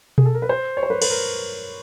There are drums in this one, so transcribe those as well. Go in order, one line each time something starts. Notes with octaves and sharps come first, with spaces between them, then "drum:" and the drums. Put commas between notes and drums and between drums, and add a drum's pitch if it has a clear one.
G#4, drum: tom B2
A4
A#4
B4
C5
C#5
C5
B4
B4, drum: cymbal
A#4